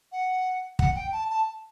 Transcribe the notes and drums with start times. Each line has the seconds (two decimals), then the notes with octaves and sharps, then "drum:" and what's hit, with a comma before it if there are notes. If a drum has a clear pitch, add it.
0.12 F#5
0.79 F#5, drum: kick
0.95 G5
1.12 A5
1.30 A5